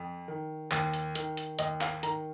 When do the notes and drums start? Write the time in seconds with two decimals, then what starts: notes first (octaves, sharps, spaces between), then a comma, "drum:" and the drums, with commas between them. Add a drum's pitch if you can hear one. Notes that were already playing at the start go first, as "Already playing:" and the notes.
Already playing: F2
0.28 D#3
0.72 D#2, drum: clap
0.93 drum: hi-hat
1.15 D#3, drum: hi-hat
1.37 drum: hi-hat
1.59 D#2 D#5, drum: hi-hat
1.81 F5, drum: clap
2.03 D#3 A#5, drum: hi-hat